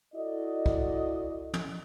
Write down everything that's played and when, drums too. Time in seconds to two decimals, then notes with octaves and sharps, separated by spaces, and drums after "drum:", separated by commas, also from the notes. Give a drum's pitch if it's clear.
0.14 E4 F#4 A4 D5 D#5
0.66 drum: kick
1.54 drum: tom